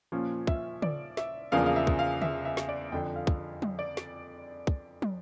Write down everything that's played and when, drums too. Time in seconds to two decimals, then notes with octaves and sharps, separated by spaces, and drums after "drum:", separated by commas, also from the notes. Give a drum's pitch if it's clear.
0.12 A#2 F3 C#4
0.47 E5, drum: kick
0.82 D5, drum: tom
1.17 E5, drum: snare
1.52 E2 C#3 F3 A#3 D4 F5
1.66 F5
1.76 E5
1.87 drum: kick
1.99 F5
2.22 E5, drum: tom
2.45 E5
2.57 drum: snare
2.69 D5
2.92 F2 D3 F3 G5
3.16 F5
3.27 drum: kick
3.62 drum: tom
3.79 D5
3.97 drum: snare
4.67 drum: kick
5.02 drum: tom